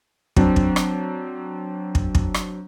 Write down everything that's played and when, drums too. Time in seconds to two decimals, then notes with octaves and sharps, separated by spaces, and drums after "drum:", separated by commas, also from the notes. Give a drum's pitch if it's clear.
0.36 F#3 C4 D4, drum: kick
0.56 drum: kick
0.76 drum: rim click
1.95 drum: kick
2.15 drum: kick
2.34 drum: rim click